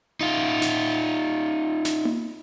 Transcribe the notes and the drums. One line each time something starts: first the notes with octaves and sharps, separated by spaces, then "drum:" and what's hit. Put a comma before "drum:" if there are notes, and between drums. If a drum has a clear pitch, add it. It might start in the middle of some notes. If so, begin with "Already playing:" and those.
D#4 F4
drum: snare
drum: snare
drum: tom A#3